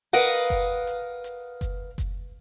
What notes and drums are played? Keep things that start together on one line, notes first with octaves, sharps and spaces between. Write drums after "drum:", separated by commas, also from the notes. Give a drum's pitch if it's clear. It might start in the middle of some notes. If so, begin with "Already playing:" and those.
A#4 B4 D#5 F5 F#5
drum: kick F#1, hi-hat
drum: hi-hat
drum: hi-hat
drum: kick F#1, hi-hat
drum: kick F#1, hi-hat